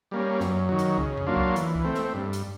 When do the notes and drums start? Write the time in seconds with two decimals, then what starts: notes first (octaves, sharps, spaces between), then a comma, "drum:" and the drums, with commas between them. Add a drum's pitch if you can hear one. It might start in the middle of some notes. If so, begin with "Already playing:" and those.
0.11 G3 A#3 C#4
0.40 F#2, drum: snare
0.69 D#3 F#3
0.79 drum: hi-hat
0.98 C#3, drum: kick
1.17 drum: tom F2
1.27 F#3 A#3 D4 F4
1.37 drum: kick
1.56 E3, drum: hi-hat
1.75 drum: kick
1.84 A3 C4
1.94 drum: snare
2.14 G2
2.33 drum: hi-hat